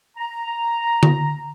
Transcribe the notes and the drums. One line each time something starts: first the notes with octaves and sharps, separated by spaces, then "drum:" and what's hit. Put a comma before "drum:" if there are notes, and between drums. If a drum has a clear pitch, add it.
A#5
drum: tom D3